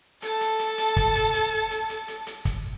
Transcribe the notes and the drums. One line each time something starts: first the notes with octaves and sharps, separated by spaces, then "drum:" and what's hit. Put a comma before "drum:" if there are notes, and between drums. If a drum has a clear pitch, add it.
A4 A5, drum: hi-hat
drum: hi-hat
drum: hi-hat
drum: hi-hat
drum: kick, hi-hat
drum: hi-hat
drum: hi-hat
drum: hi-hat
drum: hi-hat
drum: hi-hat
drum: hi-hat
drum: kick, hi-hat